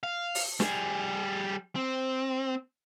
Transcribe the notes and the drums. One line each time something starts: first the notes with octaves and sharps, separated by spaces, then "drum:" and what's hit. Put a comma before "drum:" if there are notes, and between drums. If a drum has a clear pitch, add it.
F5
drum: open hi-hat
G3 G#4, drum: snare
C4